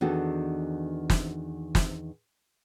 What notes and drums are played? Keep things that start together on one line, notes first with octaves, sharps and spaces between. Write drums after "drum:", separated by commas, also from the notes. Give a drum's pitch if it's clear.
E2 D#3 D4 F#4 A4
drum: snare
drum: snare